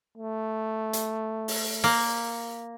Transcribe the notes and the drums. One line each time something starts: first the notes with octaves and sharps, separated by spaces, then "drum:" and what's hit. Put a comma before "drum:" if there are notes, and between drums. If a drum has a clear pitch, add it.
A3
drum: hi-hat
drum: open hi-hat
A#3, drum: open hi-hat